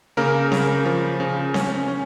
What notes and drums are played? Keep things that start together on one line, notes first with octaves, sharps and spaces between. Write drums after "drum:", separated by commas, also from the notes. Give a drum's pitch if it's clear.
C#3 A#3 A#4
C#3, drum: snare C4
F3
C#3
C#4, drum: snare C4
C#4